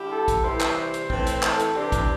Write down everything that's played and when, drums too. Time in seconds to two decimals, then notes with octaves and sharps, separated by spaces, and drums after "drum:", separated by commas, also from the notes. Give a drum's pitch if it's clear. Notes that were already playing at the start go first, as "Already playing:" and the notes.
Already playing: D3 G3 E4 G4
0.11 A4
0.28 drum: kick, hi-hat
0.44 C3 E3 G3 E4 G4 C5
0.61 drum: clap
0.94 drum: hi-hat
1.10 A2 E3 C4, drum: kick
1.27 drum: hi-hat
1.43 A4, drum: clap
1.59 drum: hi-hat
1.76 C3 E3 C4 D4 G4
1.92 drum: kick, hi-hat